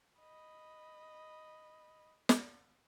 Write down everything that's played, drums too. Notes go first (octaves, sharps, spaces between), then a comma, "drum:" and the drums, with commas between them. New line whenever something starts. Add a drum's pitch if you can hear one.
D#5 B5
drum: snare